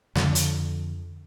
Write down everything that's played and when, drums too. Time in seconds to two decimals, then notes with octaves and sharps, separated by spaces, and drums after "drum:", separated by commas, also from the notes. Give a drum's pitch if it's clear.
0.15 F2 D3, drum: snare
0.35 drum: hi-hat